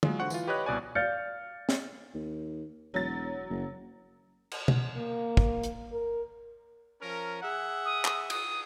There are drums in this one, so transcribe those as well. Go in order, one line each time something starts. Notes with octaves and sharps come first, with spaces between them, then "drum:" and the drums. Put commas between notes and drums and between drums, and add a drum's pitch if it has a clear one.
F#3 G#3 F4, drum: tom
D3 F#4 C5 F#5 C#6
E3 F4, drum: tambourine
G4 B4 C#5 D#5 F#6
C2 B2 D5 G#5 C#6
D5 F5 F6 G6 A6 C#7
drum: snare
D#2
E1 F#3 A6
F#1
drum: cymbal
drum: tom B2
A#3
drum: kick
drum: hi-hat
A#4
F3 C#4 A#4
G#4 E5 F#5
D#6
drum: clap
D#6, drum: cymbal